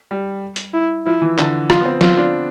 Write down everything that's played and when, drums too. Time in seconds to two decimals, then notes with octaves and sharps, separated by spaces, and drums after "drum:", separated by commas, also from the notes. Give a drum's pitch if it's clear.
0.11 G3
0.56 drum: hi-hat
0.74 E4
1.06 F3 E4
1.22 E3
1.38 D3, drum: clap
1.70 F3 F4, drum: rim click
1.80 B3
1.85 C4
2.01 C4 F4, drum: snare
2.17 D4